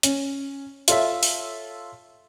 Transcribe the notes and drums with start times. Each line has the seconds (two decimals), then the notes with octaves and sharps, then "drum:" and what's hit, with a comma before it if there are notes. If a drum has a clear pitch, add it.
0.03 C#4, drum: hi-hat
0.88 F4 A4 C#5 E5, drum: hi-hat
1.23 drum: open hi-hat